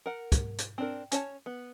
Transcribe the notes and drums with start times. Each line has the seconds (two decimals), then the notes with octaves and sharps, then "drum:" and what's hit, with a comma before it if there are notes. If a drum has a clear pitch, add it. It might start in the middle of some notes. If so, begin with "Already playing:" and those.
0.06 A#4 F#5
0.32 drum: kick, hi-hat
0.58 drum: hi-hat
0.78 C4 D4 A#4
1.12 C#4 C#5 A5, drum: hi-hat
1.46 B3